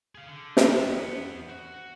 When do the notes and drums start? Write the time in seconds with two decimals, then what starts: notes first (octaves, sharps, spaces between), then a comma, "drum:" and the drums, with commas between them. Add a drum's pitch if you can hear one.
0.15 G#4 F5
0.28 D3
0.57 drum: snare
0.69 E3 B3
1.49 F#4